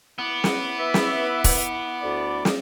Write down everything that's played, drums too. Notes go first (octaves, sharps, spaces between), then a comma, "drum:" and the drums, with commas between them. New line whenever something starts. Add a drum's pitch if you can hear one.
B3 E4 D6
drum: snare
B4 E5
drum: snare
drum: kick E1, open hi-hat
D2 D5
drum: snare